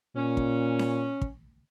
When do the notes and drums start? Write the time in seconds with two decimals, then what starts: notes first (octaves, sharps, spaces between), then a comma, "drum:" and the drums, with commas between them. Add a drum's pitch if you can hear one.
0.16 A#2 C#4
0.37 drum: kick
0.79 drum: snare C#4
1.21 drum: kick